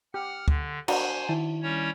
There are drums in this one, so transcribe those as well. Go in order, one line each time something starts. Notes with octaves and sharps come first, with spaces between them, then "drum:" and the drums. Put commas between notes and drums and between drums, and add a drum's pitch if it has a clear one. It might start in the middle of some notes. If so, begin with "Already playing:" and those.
G4 F#5 F6
D3, drum: kick
D4 F#4 C5 D#5 G#5, drum: cymbal
D#3 E4 A5
G3 C#4 C#5